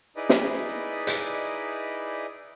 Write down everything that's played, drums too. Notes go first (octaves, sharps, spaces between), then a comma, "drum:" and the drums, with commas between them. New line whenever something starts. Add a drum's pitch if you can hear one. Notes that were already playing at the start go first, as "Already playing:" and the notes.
D#4 E4 G#4 B4 D5 D#5
drum: snare
drum: hi-hat